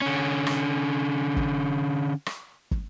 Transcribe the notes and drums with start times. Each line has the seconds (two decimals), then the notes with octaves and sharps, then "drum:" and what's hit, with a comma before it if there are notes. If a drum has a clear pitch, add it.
0.02 D3 C#4
0.47 drum: rim click
1.36 drum: kick
2.26 drum: rim click
2.71 drum: kick